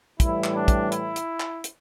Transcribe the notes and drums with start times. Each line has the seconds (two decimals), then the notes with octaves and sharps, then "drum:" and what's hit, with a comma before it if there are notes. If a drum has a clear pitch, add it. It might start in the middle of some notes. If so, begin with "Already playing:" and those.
0.20 A2 E3 G3 E4, drum: kick, hi-hat
0.44 drum: clap
0.56 D4
0.68 drum: kick, hi-hat
0.92 E4, drum: hi-hat
1.16 drum: hi-hat
1.40 drum: clap
1.64 drum: hi-hat